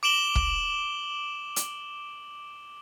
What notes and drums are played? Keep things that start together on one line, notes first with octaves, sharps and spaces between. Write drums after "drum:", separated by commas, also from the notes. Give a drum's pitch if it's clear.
D6 D7 E7 F#7 G7
drum: kick
drum: hi-hat